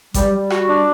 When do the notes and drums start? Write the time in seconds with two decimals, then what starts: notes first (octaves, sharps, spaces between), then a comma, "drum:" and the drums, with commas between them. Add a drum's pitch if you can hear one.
0.14 G3, drum: kick A1, hi-hat
0.33 G3
0.50 F#4, drum: rim click
0.68 D4